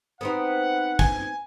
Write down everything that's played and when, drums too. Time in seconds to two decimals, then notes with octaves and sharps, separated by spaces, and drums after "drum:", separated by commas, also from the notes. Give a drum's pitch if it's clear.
0.21 B3 C4 D#4 F#5
0.99 G#5, drum: kick